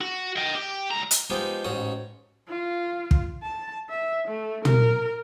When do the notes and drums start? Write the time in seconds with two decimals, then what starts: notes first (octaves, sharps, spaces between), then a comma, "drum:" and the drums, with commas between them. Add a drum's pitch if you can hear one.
0.01 F#4
0.36 D#5 G5
0.55 G4
0.90 C#2 A#5
1.11 drum: hi-hat
1.30 F3 G#3 B3 D#4 G4
1.65 A1 G#2 C#4 F#4 D#6
2.49 F4
3.11 drum: kick
3.43 A5
3.90 E5
4.28 A3
4.65 A#4, drum: tom